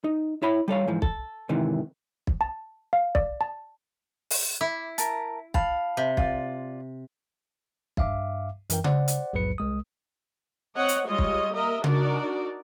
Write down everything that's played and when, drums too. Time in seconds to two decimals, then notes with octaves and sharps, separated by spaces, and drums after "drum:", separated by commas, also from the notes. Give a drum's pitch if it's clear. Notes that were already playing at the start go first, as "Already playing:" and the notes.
0.04 D#4
0.42 E4 C#5 B5
0.68 G3 A4 C#5 F5
0.88 G#2 E3 F3
1.02 A4, drum: kick
1.49 G#2 C3 D#3 E3
2.27 drum: kick
2.41 A5
2.93 F5
3.15 D5, drum: kick
3.41 A5
4.30 drum: open hi-hat
4.61 E4 D6
4.98 A#4 A5, drum: hi-hat
5.54 F5 A5 B5, drum: kick
5.97 C3
6.17 F4 D5, drum: kick
7.97 G2 E5 F5 D6, drum: kick
8.70 F#2 E3 A#4 G5, drum: hi-hat
8.84 C5 D5 F#5, drum: tom C#3
9.08 drum: hi-hat
9.33 A#1 E2 G#2 F#3 B4 C#7
9.58 C2 G#3 D#6
10.76 C4 C#5 D#5 F#5
10.89 drum: hi-hat
11.08 G3 G#3 F4 C#5 D#5
11.18 drum: kick
11.53 A#3 A#4 D#5 E5
11.84 D4 D#4 F#4 A#4 D5, drum: tom C#3